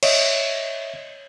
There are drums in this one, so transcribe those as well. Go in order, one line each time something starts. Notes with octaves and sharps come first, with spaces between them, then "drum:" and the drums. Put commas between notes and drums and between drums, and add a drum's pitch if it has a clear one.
C#5 D#5 E5, drum: cymbal